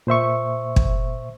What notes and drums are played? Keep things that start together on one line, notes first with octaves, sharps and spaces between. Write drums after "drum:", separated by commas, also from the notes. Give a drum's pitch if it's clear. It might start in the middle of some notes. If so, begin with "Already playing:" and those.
A#2 C5 E5 C#6
drum: kick